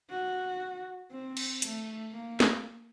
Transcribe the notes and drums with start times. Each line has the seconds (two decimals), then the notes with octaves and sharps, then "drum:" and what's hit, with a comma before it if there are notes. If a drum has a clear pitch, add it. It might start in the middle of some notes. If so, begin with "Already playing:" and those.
0.10 F#4
1.11 C4
1.37 drum: cymbal
1.62 A3, drum: hi-hat
2.12 A#3
2.40 drum: snare